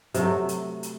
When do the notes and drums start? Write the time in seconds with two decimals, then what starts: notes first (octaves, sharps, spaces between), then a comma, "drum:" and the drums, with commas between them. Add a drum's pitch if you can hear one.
0.14 C3 F#3 A3, drum: hi-hat
0.49 drum: hi-hat
0.83 drum: hi-hat